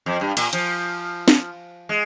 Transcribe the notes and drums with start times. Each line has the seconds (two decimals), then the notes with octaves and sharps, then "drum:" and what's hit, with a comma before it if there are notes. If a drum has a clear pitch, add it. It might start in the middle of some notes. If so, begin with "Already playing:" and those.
0.06 F2
0.21 G2
0.37 A#2, drum: cymbal
0.53 F3, drum: hi-hat
1.28 drum: snare
1.89 G#3